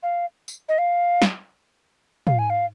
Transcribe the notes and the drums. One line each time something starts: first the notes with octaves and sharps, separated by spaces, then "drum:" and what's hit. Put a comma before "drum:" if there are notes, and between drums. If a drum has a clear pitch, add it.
F5
drum: tambourine
D#5
F5
drum: snare
F5, drum: tom
G#5
F5